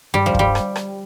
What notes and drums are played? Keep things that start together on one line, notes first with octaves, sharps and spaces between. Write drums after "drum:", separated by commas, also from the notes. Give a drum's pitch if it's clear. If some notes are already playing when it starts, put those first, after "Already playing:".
G2 G3
F3
G2 G3, drum: kick
drum: rim click
drum: rim click